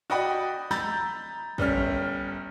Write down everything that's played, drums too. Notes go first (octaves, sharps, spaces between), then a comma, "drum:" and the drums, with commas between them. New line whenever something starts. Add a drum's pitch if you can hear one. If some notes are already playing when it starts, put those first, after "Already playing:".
F#4 D5 D#5 G5 B5
A#5 B5 E6 G6 A6, drum: snare
G1 G3 C#4 F6, drum: kick